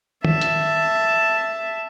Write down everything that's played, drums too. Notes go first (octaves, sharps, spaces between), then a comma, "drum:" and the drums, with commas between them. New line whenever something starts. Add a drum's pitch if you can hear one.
E5 A5, drum: tom
drum: hi-hat